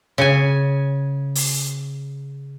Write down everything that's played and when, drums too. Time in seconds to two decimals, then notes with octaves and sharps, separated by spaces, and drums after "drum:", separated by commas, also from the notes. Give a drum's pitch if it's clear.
0.18 C#3 G#5
1.35 drum: open hi-hat